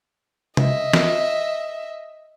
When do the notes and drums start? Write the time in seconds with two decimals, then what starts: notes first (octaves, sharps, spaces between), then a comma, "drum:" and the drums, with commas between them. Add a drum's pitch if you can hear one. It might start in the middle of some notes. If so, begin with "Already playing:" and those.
0.57 D#5 E5, drum: tom C3
0.93 drum: snare